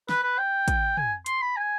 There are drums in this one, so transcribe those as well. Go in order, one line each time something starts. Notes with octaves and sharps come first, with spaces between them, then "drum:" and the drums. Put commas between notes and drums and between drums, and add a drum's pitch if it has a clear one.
B4, drum: snare
B4
G5
drum: kick, hi-hat
G#5, drum: tom
C6, drum: hi-hat
B5
G#5